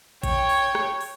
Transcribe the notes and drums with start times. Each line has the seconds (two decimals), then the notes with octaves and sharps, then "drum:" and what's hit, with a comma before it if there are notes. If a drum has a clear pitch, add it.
0.23 C#5 G5, drum: kick A1, hi-hat
0.49 drum: open hi-hat
0.75 drum: rim click
1.01 drum: open hi-hat